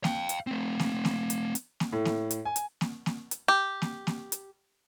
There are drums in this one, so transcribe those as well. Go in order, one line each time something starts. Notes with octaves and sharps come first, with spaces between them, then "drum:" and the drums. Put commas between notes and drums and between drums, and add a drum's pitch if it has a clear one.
F5 G5, drum: snare A#3
drum: hi-hat
A3 C4
drum: snare A#3
drum: snare A#3
drum: hi-hat
drum: hi-hat
drum: snare A#3
A2
drum: snare A#3
drum: hi-hat
G#5
drum: hi-hat
drum: snare A#3
drum: snare A#3
drum: hi-hat
G4
drum: snare A#3
drum: snare A#3
drum: hi-hat